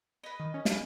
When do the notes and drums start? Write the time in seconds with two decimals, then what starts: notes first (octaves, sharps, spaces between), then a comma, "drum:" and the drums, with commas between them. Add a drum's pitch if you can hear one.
0.24 B4 D#5
0.40 D#3
0.54 C#4
0.65 drum: snare